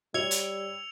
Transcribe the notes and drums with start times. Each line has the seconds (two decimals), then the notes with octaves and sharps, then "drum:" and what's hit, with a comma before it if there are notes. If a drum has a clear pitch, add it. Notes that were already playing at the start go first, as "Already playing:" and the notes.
0.14 G3 C#5 E6 G#6 C#7 F7
0.31 drum: hi-hat